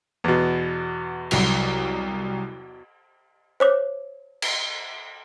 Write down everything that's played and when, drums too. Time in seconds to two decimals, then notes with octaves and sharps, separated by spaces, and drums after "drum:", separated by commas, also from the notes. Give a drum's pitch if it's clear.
0.24 E2 B2
1.31 C2 F#3 F7, drum: cymbal
3.60 C5 C#5 D6
4.42 drum: cymbal